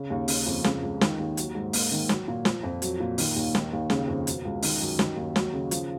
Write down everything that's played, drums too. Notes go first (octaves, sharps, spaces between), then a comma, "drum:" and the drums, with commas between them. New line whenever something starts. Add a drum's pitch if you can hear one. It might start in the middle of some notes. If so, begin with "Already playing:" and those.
Already playing: C#3
D#2
C#3, drum: open hi-hat
F2
C#3, drum: snare
C#2
D#3, drum: snare
D#2
F#3, drum: hi-hat
G#2
A#3, drum: open hi-hat
D#3
F#3, drum: snare
A#2
F3, drum: snare
F2
F#3, drum: hi-hat
A#2
D#3, drum: open hi-hat
D#2
D#3, drum: snare
D#2
C#3, drum: snare
F2
B2, drum: hi-hat
C#2
D#3, drum: open hi-hat
F#2
D#3, drum: snare
D#2
F#3, drum: snare
C#3
F3, drum: hi-hat